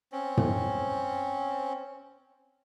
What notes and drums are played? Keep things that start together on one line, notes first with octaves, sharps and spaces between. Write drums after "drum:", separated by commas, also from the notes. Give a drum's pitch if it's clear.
C4 C#4
drum: tom